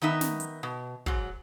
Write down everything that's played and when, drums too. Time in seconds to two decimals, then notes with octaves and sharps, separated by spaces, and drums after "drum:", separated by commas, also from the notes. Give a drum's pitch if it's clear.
0.02 D#3 B3 D#4 E5
0.21 drum: snare
0.40 drum: hi-hat
0.63 B2
1.06 G#2 F#3, drum: kick